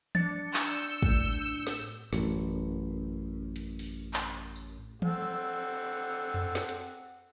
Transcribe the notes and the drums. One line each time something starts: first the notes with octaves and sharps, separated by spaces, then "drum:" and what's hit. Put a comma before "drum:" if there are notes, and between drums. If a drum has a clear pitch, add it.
D4 A6 C#7, drum: tom
E6 G6, drum: clap
A2, drum: kick
drum: snare
A1 F#2, drum: snare
drum: hi-hat
drum: open hi-hat
drum: clap
drum: tambourine
C4 A4 F#5, drum: tom
drum: tom F2
drum: snare
drum: hi-hat